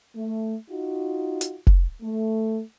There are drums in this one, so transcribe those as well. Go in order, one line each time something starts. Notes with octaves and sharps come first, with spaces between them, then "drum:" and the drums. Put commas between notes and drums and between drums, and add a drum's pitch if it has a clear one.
A3
D#4 F4 F#4
drum: hi-hat
drum: kick F1
A3